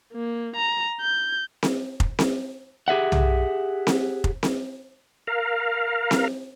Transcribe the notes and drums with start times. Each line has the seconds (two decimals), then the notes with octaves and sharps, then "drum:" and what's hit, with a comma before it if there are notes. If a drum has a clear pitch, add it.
0.13 A#3
0.56 A#5
1.01 G6
1.63 drum: snare C4
2.00 drum: kick F1
2.19 drum: snare C4
2.88 G4 G#4 E5 F#5
3.12 drum: tom
3.87 drum: snare C4
4.24 drum: kick F1
4.43 drum: snare C4
5.27 A#4 F5
6.11 drum: snare C4